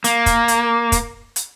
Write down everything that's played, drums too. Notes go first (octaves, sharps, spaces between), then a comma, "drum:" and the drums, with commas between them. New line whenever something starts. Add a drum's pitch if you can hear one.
A#3, drum: hi-hat
drum: kick, hi-hat
drum: hi-hat
drum: kick, hi-hat
drum: hi-hat